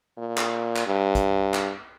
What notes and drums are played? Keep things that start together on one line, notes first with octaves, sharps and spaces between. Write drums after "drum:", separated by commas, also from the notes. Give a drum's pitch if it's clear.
A#2
drum: clap
drum: clap
G2
drum: kick, hi-hat
drum: clap